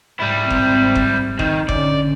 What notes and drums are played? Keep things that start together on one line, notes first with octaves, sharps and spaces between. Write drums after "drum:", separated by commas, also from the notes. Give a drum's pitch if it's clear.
G#2 G3 E4
G#1 C4, drum: kick G1
drum: kick G1
D#3, drum: kick G1
D3 C#4 D5, drum: kick G1